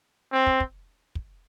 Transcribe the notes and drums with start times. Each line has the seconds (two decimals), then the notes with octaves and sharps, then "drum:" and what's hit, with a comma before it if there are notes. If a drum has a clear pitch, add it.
0.32 C4
0.47 drum: kick
0.60 drum: kick
1.15 drum: kick